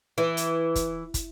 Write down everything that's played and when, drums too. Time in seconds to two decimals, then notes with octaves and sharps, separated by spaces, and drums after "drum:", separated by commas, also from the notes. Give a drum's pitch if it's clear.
0.18 E3
0.37 drum: hi-hat
0.75 drum: kick, hi-hat
1.14 drum: kick, hi-hat